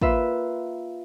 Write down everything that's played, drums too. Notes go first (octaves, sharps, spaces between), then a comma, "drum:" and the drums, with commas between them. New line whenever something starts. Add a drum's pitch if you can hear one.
A#3 F4 B4 E5, drum: kick